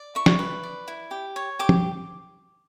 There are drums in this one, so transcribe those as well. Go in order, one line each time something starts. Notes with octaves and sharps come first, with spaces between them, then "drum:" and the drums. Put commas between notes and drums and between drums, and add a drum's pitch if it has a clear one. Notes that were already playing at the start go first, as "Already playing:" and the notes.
Already playing: D5
E4 C#6
drum: snare
B4
D5
E4
G4
C#5
G4 D6
drum: tom